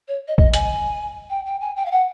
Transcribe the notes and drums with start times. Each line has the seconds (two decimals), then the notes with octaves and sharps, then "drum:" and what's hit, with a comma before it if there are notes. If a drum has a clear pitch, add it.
0.08 C#5
0.28 D#5
0.38 D#5, drum: kick
0.54 G#5, drum: hi-hat
1.30 G5
1.46 G5
1.61 G#5
1.76 G5
1.86 F5
1.91 F#5